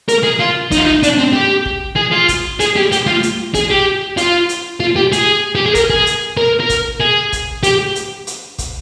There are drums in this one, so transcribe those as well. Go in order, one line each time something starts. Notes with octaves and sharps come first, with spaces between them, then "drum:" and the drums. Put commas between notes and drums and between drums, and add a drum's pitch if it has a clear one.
A#4, drum: hi-hat
G#4
F4
D#4, drum: kick, hi-hat
F4
D#4
D4, drum: hi-hat
C4
G4
drum: kick
G#4
F4
drum: kick, hi-hat
G#4, drum: hi-hat
G4
G4, drum: hi-hat
F4
drum: hi-hat
G#4, drum: kick, hi-hat
G4
F4, drum: hi-hat
drum: hi-hat
F4
G4
G#4, drum: hi-hat
G4
G#4
A#4, drum: kick, hi-hat
G#4
drum: hi-hat
A#4
A#4
drum: kick, hi-hat
G#4
drum: kick, hi-hat
G4, drum: hi-hat
drum: hi-hat
drum: hi-hat
drum: kick, hi-hat